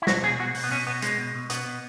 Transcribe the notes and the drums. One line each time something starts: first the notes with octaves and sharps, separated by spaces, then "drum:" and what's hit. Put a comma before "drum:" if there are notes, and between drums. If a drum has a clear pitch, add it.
E4
B2 F#4, drum: snare
B2 G#4
B2 F#4
B2, drum: open hi-hat
B3
B2 C#4
B2 B3
B2 G#3, drum: hi-hat
B2
B2
B2 B3, drum: hi-hat
B2